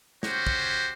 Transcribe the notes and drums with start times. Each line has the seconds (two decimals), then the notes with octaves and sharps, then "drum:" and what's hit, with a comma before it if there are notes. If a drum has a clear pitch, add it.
0.23 C#4 F#4 G4 C5, drum: snare
0.47 drum: kick